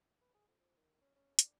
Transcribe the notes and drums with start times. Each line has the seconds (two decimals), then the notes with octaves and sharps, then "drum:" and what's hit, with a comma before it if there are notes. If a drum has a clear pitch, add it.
0.21 B4
0.35 G#4
0.48 F2
0.60 F3
0.77 D#3
1.01 C#4
1.16 C#4
1.39 D4, drum: hi-hat